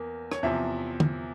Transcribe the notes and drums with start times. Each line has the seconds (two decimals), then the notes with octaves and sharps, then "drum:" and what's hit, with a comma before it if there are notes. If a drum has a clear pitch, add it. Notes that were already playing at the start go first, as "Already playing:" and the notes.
Already playing: E2 A#3
0.32 C#5, drum: rim click
0.43 E2 C3 F3 E5
1.00 drum: tom D3